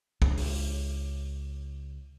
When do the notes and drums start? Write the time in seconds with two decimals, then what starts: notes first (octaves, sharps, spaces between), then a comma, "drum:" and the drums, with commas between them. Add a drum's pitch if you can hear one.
0.22 C#2 D4, drum: kick
0.37 drum: open hi-hat